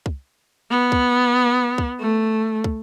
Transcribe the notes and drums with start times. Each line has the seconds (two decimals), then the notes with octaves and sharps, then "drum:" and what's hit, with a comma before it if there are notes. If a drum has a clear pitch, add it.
0.06 drum: kick
0.71 B3
0.92 drum: kick
1.78 drum: kick
2.00 A3
2.64 drum: kick